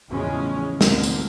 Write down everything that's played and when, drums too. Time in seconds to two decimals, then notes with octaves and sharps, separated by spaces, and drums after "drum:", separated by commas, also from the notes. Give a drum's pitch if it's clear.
0.10 E2 A2 C#3 F3 G#3 C#4
0.81 D2 D3 A#3 C4, drum: snare
1.03 drum: tambourine